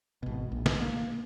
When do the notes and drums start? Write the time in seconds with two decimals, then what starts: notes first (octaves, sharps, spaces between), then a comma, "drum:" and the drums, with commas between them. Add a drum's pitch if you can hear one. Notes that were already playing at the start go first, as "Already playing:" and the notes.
0.23 G#1 B2
0.52 A#1
0.66 drum: snare
0.82 A#3